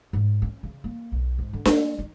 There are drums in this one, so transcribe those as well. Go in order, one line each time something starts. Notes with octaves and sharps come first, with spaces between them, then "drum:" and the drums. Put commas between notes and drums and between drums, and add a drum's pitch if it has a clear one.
G#2
C#4
C#3
A#3
B1
G#2
D3
A#3, drum: snare D4
D#4